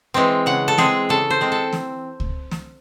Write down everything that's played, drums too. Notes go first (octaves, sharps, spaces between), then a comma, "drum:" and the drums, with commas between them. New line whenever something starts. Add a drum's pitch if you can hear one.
E3 G#3 C4
C#3 F#5
A4
G#3 C4 G#4, drum: snare
C#3 A4
C5
G#3 C4
A4
drum: snare
drum: kick C#2
drum: snare